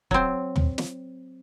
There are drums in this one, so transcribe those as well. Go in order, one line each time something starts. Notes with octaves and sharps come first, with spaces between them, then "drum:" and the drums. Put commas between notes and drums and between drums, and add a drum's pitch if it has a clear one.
F#3 C4, drum: kick
drum: tom
drum: snare